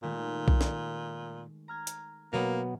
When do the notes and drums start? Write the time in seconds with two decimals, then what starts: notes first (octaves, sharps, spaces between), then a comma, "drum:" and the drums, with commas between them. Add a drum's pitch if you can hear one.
0.03 A#2 D#3 G#3 A3
0.48 drum: kick B1
0.61 drum: snare
1.68 A#5 F6 G#6
1.87 drum: hi-hat
2.33 B2 F#3 A#3 B3